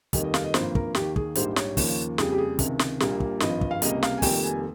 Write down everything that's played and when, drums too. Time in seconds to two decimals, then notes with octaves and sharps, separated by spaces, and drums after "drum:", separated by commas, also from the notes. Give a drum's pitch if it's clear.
0.13 F1 D#2 D#3 G3 D#5, drum: kick, hi-hat
0.24 D#5
0.34 F5, drum: snare
0.44 D#5
0.54 G#1 G2 F3 A#3 C5, drum: snare
0.75 A#4, drum: kick
0.95 D#2 D#3 A#3 G4, drum: snare
1.16 G#4, drum: kick
1.35 A#1 G#2 G3 A#3 C5, drum: hi-hat
1.56 C#5, drum: snare
1.77 D#2 C#3 F3 A#3, drum: kick, open hi-hat
2.18 F2 C#3 G3 A#3 G#4, drum: snare
2.32 G4
2.38 G#4
2.59 C#2 C3 D#3, drum: kick, hi-hat
2.79 drum: snare
3.00 A#1 A#2 G3 A#3, drum: snare
3.20 drum: kick
3.40 G#1 G2 F3 D#5, drum: snare
3.61 drum: kick
3.71 F5
3.82 C#2 C3 G3 A#3 D#5, drum: hi-hat
4.03 F5, drum: snare
4.18 G#5
4.22 F1 F2 D#3 G3 A#3 G5, drum: kick, open hi-hat
4.43 G#5